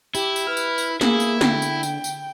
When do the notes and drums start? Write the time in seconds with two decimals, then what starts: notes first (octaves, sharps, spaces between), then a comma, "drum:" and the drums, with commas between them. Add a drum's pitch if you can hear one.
0.15 E4 G4, drum: tambourine
0.36 drum: tambourine
0.47 B4 F6
0.57 drum: tambourine
0.78 drum: tambourine
1.01 A#3 E4 G#4, drum: snare
1.20 drum: tambourine
1.41 D3 G5, drum: snare
1.62 drum: tambourine
1.83 drum: tambourine
2.04 drum: tambourine